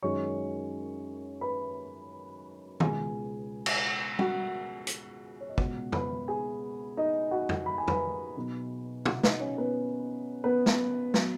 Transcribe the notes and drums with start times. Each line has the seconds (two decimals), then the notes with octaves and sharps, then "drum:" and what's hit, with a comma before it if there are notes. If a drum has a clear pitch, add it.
0.03 F#2 D#3 G#3 C#4 C#5 C#6
1.41 B4 B5
2.80 C#2 B2 B3 G#4 G#5, drum: tom D#3
3.66 drum: cymbal
4.19 F#4 F#5, drum: tom
4.87 drum: hi-hat
5.40 C#5
5.49 D#5
5.58 C#2 B2 G#3 B3 F#4 F#5, drum: kick
5.92 B4 B5, drum: tom
6.28 G#4 G#5
6.97 D#4 D#5
7.31 F#4 F#5
7.49 drum: tom
7.66 B5
7.78 G#5
7.88 B4 B5, drum: tom
8.37 B1 B2 B3
9.06 F#4 F#5, drum: tom
9.23 D#4 D#5, drum: snare
9.40 C#4 C#5
9.58 B3 B4
10.44 B3 B4
10.66 drum: snare
11.14 F#3 B3, drum: snare